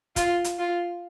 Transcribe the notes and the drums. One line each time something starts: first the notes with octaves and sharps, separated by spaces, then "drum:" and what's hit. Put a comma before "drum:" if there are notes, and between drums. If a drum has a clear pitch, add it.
F4, drum: kick, hi-hat
drum: hi-hat
F4